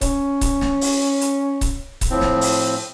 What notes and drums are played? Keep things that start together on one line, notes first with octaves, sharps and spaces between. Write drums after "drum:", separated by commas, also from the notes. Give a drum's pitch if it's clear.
C#4, drum: kick C#1, hi-hat
drum: kick C#1, hi-hat
drum: snare
drum: open hi-hat
drum: hi-hat
drum: kick C#1, hi-hat
drum: kick C#1, hi-hat
A2 F3 C4
drum: snare
drum: open hi-hat